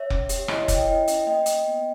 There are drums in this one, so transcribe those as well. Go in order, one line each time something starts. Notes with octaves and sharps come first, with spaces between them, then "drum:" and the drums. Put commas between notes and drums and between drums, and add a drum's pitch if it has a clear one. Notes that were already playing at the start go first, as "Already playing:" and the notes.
Already playing: C#5 E5
C#4, drum: kick F1
G4, drum: hi-hat
E4 D#5, drum: rim click
C#5 E5
E4, drum: kick F1, hi-hat
D#5 G5
E4 D#5 G5
C#4, drum: hi-hat
A#3 D#5 G5
A#3, drum: hi-hat
B3